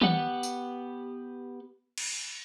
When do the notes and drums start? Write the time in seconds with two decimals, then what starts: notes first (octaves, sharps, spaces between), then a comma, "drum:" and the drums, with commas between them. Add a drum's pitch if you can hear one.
0.02 B3 G4 B4 F#5, drum: tom
0.43 drum: tambourine
1.98 drum: cymbal